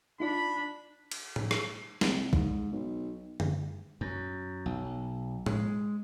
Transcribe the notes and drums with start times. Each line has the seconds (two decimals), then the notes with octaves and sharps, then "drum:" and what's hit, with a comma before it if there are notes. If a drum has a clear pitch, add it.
0.20 D4 D#4 F4 D5 B5
1.11 drum: cymbal
1.36 drum: tom A2
1.51 drum: rim click
2.01 C2, drum: snare
2.33 G#2, drum: kick
2.72 B1
3.40 drum: tom
4.01 F#2
4.66 B1
5.46 G#3, drum: tom A2